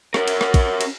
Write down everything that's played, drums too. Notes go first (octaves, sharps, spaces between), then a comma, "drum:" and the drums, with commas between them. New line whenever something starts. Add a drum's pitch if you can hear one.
C#4 A#4, drum: rim click
drum: cymbal
drum: rim click
drum: kick, cymbal
drum: cymbal